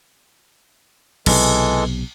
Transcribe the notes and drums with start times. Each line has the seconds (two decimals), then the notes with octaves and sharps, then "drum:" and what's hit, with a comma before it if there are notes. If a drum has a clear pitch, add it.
1.26 B1 C3 E3 G#3 A4, drum: cymbal